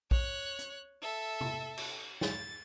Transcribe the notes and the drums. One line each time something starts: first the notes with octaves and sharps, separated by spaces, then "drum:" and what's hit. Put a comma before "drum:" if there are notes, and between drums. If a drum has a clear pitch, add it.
C#5 F#6, drum: kick A#1
drum: hi-hat
A4 E5
drum: tom C3
drum: cymbal
A6, drum: snare